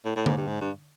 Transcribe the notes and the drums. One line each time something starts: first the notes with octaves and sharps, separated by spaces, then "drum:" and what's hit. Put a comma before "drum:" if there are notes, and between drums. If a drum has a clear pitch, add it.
A2
A2
G#2, drum: tom D3
G2
G#2
G2